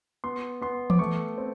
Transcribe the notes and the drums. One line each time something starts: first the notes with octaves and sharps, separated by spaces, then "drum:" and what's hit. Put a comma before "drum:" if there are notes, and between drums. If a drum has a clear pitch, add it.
B3 C6
B3 C6
D6, drum: tom E3
A3 C#6
C4